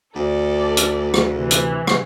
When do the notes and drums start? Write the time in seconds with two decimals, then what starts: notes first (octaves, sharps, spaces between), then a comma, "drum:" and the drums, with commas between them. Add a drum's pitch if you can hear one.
0.15 D2 A4 D5
0.77 drum: hi-hat
1.14 drum: rim click
1.32 C3 E3
1.51 drum: hi-hat
1.87 drum: rim click